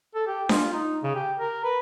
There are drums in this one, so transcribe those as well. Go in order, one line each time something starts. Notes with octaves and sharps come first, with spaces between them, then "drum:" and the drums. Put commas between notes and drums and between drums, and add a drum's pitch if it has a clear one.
A4
G4
F4, drum: snare D4
D#4
C#3
G4
A#4
B4